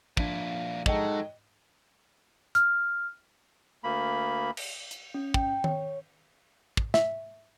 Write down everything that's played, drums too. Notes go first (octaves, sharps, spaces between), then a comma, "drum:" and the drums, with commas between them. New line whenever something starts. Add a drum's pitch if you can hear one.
A#2 F3 D4 E4, drum: kick
F#3 G#3 D#4 A4 D#5 G5, drum: kick
F6, drum: hi-hat
D2 A#3 B5
drum: cymbal
drum: hi-hat
C#4
G5, drum: kick
C#5, drum: tom D#3
drum: kick
E5, drum: snare